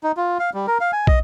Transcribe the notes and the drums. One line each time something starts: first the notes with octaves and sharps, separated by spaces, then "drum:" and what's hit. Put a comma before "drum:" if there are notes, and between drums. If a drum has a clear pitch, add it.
D#4
F4
F5
G3
A#4
F5
G#5
D#5, drum: kick